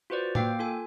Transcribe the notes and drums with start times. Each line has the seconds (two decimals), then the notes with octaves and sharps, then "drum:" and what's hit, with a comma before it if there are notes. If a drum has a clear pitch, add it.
0.10 F4 F#4 B4 C5 D5
0.35 A#3 F5 G5 D6, drum: tom A2
0.59 F4 A4 G#5